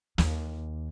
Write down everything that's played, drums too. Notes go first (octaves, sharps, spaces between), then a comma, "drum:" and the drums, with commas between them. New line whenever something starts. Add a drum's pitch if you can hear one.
D#2, drum: snare